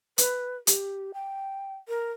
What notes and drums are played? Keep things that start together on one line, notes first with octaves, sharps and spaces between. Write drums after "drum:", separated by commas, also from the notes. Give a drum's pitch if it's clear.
B4, drum: hi-hat
G4, drum: hi-hat
G5
A#4